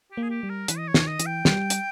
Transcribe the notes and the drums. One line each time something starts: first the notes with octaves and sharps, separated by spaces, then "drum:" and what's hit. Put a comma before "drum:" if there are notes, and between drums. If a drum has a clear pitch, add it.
G4
A#3 G#4
G4
G3
A#4
E3 B4, drum: hi-hat
D#5
C#5
D#3, drum: snare
D#5
E3, drum: hi-hat
G5
G3, drum: snare
drum: hi-hat